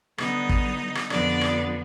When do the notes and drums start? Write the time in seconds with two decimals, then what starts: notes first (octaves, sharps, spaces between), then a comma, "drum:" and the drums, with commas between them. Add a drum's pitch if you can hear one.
0.18 D3 G3 B3 D#4 D#5, drum: rim click
0.49 drum: kick
0.95 drum: rim click
1.10 F2 D3 F3 B3 D4 D5, drum: rim click
1.41 drum: rim click